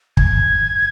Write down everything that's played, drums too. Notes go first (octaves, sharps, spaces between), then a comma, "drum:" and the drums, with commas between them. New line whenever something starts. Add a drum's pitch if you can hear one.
G#6, drum: kick